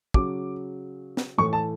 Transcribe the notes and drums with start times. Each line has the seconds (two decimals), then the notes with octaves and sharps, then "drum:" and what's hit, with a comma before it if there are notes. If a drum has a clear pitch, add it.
0.14 C#3 F#3 C#4 D6, drum: kick
1.17 drum: snare
1.38 A2 E3 A3 C#6
1.53 A5